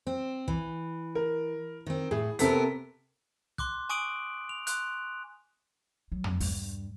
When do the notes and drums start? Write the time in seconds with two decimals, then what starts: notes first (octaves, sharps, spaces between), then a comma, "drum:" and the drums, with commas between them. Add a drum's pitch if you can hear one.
0.07 C4
0.48 E3, drum: kick
1.15 A#4
1.86 D#3 C4
2.11 A2 G#4
2.39 C3 B3 C4 A4 A#4 B6, drum: hi-hat
3.58 C6 D6 F#6, drum: kick
3.89 G#5 C#6 D#6 D7 F#7
4.49 F7
4.67 C6 F#6, drum: hi-hat
6.12 F#3
6.24 drum: tom
6.40 G2, drum: open hi-hat